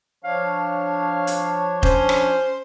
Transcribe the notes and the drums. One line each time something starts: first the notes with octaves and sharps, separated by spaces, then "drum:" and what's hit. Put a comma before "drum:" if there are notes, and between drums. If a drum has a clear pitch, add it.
F3 D4 C#5 F5
drum: hi-hat
C#4 C5, drum: kick E1
drum: rim click